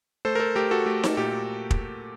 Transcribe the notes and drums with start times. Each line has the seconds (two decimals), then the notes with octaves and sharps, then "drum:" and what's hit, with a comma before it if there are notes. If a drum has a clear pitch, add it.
0.25 A3 A4 C5
0.35 A#4
0.40 A4 C5
0.55 A3 G4 A#4
0.71 F#4 A4
0.86 A3 G4
1.04 drum: snare D#4
1.17 A#2 G4
1.71 drum: kick